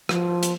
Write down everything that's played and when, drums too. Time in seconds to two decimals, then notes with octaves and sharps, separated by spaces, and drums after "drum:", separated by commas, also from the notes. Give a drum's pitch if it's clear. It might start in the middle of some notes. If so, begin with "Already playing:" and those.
0.09 F3, drum: rim click
0.43 drum: hi-hat